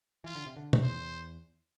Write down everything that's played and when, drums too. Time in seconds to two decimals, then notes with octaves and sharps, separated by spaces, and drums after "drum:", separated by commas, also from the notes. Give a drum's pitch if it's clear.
0.24 E3 F4
0.35 D3
0.46 C3
0.57 D3
0.73 F2, drum: tom
0.83 E2 C5